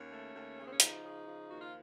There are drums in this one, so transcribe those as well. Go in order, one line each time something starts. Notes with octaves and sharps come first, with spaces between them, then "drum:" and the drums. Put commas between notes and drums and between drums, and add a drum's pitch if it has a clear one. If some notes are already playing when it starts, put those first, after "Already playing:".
Already playing: D#2 C#4
A3
D#2
C#3
C4
C#4
F3 D#4, drum: hi-hat
C#3
F3
D#2 F#4
F4